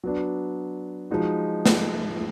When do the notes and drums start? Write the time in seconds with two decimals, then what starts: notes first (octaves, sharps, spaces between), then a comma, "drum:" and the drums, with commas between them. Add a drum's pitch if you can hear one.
0.04 F#3 B3 D4
1.11 F3 G#3 D#4 F#4
1.66 drum: snare